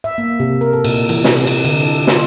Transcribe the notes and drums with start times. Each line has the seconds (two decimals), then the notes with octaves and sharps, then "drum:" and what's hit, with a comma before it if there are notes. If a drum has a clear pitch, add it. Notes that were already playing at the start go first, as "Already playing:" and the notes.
0.04 E5
0.18 A#3
0.40 C3
0.61 A#4
0.73 A4
0.84 A#2, drum: cymbal
1.09 E3, drum: cymbal
1.24 C3, drum: snare
1.47 E3, drum: cymbal
1.65 D3, drum: cymbal
1.83 A4
2.07 F4, drum: snare